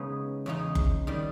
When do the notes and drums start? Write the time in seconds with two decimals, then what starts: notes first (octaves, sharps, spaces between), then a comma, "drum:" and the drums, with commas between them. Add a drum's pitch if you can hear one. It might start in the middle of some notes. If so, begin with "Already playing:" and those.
Already playing: C#3 G#3 B3 D#4
0.46 E2 C#3 G#3 D#4
0.75 drum: kick F#1
1.07 D#3 G3